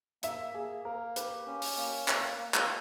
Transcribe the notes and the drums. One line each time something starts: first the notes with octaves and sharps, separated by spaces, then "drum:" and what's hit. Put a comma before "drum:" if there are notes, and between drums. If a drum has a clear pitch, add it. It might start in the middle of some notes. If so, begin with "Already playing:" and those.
A#3 E5, drum: hi-hat
A#3 G#4
A#3 A#4
G4 B4, drum: hi-hat
C#4
drum: open hi-hat
A#3
A#3 C#5, drum: clap
A#3
drum: clap